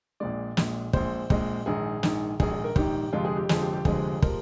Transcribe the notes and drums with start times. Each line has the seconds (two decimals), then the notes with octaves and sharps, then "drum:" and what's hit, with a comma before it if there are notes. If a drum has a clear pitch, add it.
0.20 A#1 A#2 G#3 D5
0.57 A#1 A#2 G#3, drum: snare
0.93 A#1 A#2 G#3 C5, drum: kick
1.30 A#1 A#2 G#3, drum: kick
1.66 A#1 G#2 D#3 G#4
2.03 A#1 G#2 D#3, drum: snare
2.40 A#1 G#2 D#3 G#4, drum: kick
2.52 G#4
2.64 A#4
2.76 A#1 G#2 D#3 G4, drum: kick
3.12 G1 F2 C3 F3 G#3 F4
3.25 G#4
3.37 G4
3.49 G1 F2 C3 F3 G#3 G#4, drum: snare
3.61 G4
3.73 G4
3.85 G1 F2 C3 F3 G#3 G#4, drum: kick
4.22 C3 F3 G#3 A#4, drum: kick